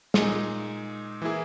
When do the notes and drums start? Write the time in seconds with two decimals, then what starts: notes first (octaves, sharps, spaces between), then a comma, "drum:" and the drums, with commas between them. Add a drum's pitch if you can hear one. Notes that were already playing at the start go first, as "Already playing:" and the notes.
0.14 A#2 G#3 D#4 G#4, drum: snare
1.22 E3 A#3 E4 G#4